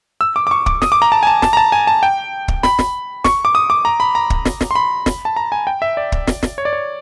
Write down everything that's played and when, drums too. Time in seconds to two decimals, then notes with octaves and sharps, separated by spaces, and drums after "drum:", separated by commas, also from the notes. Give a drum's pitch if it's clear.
0.21 E6
0.36 D6
0.47 D6
0.51 C#6
0.66 D6, drum: kick
0.82 D#6, drum: snare
0.92 D6
1.02 A#5
1.12 A5
1.23 G#5
1.27 A5
1.42 A5, drum: snare
1.53 A#5
1.57 A5
1.72 G#5
1.87 A5
2.03 G5
2.48 drum: kick
2.63 B5, drum: snare
2.79 drum: snare
3.24 C#6, drum: snare
3.45 D6
3.55 D#6
3.70 D6
3.85 A#5
4.00 B5
4.15 A#5
4.30 drum: kick
4.45 drum: snare
4.61 drum: snare
4.71 C6
4.75 B5
5.06 drum: snare
5.25 A5
5.36 A#5
5.52 G#5
5.67 G5
5.82 E5
5.97 D5
6.12 drum: kick
6.27 drum: snare
6.43 drum: snare
6.58 C#5
6.65 D5
6.73 C#5